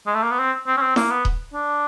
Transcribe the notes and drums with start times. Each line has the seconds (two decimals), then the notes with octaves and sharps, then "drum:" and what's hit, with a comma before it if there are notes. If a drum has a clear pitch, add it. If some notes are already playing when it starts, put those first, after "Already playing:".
0.06 G#3
0.15 A3
0.23 A#3
0.31 B3
0.39 C4
0.67 C4
0.77 C#4
0.82 C4
0.96 A#3, drum: snare E4
1.11 B3
1.25 drum: kick D#1
1.54 D4